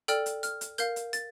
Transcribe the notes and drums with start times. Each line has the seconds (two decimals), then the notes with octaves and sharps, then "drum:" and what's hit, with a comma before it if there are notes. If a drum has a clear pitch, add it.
0.08 A4 D5 G5 F6, drum: hi-hat
0.26 drum: hi-hat
0.43 F6, drum: hi-hat
0.61 drum: hi-hat
0.78 A#4 F5 G6, drum: hi-hat
0.96 drum: hi-hat
1.13 A6, drum: hi-hat